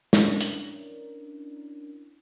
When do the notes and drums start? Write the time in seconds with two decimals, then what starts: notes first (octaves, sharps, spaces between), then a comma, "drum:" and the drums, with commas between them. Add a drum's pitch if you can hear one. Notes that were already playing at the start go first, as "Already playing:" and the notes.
0.13 C#4 D4 E4 A#4, drum: snare
0.41 drum: hi-hat